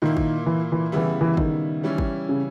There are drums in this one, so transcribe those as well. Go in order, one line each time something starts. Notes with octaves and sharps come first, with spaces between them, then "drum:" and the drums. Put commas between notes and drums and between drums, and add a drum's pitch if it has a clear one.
A#2 D#3 A#3 E4
drum: kick
E3
E3
C#3 E3 G3 B3 E4
E3
D#3, drum: kick
E3 G3 C#4 E4
drum: kick
C#3